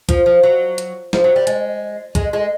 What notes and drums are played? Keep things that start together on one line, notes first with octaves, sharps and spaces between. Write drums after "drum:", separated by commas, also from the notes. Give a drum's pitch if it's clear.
F3, drum: kick, hi-hat
F3
F#3
drum: hi-hat
F3, drum: snare
F#3
G3
G#3, drum: hi-hat
G#3, drum: kick, hi-hat
G#3